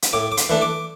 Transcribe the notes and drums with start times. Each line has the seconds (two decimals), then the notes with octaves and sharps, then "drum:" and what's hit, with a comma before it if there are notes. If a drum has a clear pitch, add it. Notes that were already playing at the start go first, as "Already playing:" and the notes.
0.02 drum: hi-hat
0.13 A2 D6
0.32 D6
0.37 C6, drum: hi-hat
0.49 E3 A3 D4
0.62 D6